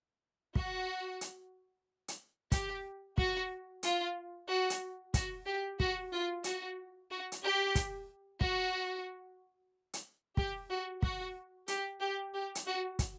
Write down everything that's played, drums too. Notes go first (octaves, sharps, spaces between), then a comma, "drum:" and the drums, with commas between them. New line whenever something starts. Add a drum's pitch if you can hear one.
F#4, drum: kick
drum: hi-hat
drum: hi-hat
G4, drum: kick, hi-hat
F#4, drum: kick
F4, drum: hi-hat
F#4
drum: hi-hat
F#4, drum: kick, hi-hat
G4
F#4, drum: kick
F4
F#4, drum: hi-hat
F#4
drum: hi-hat
G4
drum: kick, hi-hat
F#4, drum: kick
drum: hi-hat
G4, drum: kick
F#4
F#4, drum: kick
G4, drum: hi-hat
G4
G4
drum: hi-hat
F#4
drum: kick, hi-hat